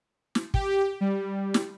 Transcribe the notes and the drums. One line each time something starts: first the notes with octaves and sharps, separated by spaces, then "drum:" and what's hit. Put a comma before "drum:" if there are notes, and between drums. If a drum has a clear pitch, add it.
drum: snare
G4, drum: kick
G3
drum: snare